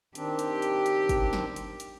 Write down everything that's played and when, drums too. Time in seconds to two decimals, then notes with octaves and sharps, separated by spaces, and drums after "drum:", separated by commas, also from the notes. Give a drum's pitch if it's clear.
0.15 D#3 C4 D4 G4, drum: hi-hat
0.39 drum: hi-hat
0.62 drum: hi-hat
0.86 drum: hi-hat
1.09 drum: kick, hi-hat
1.33 drum: snare
1.56 drum: hi-hat
1.80 drum: hi-hat